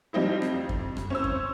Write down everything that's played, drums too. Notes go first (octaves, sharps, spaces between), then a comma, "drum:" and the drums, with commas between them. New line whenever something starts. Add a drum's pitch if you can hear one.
F3 G3 C4 D#4 E4
drum: rim click
F2
drum: kick F#2
drum: rim click
C#4 C5 E6
drum: kick F#2